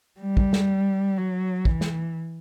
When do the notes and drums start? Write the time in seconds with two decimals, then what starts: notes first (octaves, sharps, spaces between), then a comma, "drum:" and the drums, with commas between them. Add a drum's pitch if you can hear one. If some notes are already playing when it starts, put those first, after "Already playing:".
0.21 G3
0.37 drum: kick
0.53 drum: snare
1.17 F#3
1.65 E3, drum: kick
1.81 drum: snare